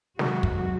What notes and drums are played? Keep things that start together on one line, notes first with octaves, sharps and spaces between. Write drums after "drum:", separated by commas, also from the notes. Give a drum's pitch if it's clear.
C3 D#3 F#3 G#3 F#4, drum: snare
drum: kick